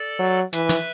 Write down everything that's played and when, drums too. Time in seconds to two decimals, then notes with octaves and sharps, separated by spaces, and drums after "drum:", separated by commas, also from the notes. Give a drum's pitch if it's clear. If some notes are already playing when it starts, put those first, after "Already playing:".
Already playing: A4 D5
0.19 F#3
0.53 E3 B4 E5, drum: hi-hat
0.69 drum: snare